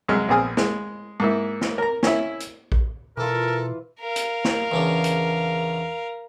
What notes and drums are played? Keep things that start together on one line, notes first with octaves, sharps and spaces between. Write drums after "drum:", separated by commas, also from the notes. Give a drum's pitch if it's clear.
C2 F#2 G#3 D#5 F6
A#1 B3 C4 G#4 D#6 F6
G#3, drum: snare
G#2 A#3 E4
drum: snare
A#4 A#5
C#4 E4, drum: snare
drum: hi-hat
drum: kick A#1
B2 E3 F4 A4 A#4
A#4 F5
drum: hi-hat
drum: snare
E2 C#3 D4
drum: hi-hat